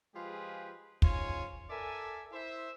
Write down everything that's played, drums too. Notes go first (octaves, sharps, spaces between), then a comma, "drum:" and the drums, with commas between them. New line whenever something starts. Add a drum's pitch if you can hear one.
F3 G#3 F4 G4 G#4 B4
G#2 C#4 F4 C#5 G#5, drum: kick
A4 A#4 D5 E5 G#5
E4 C5 E5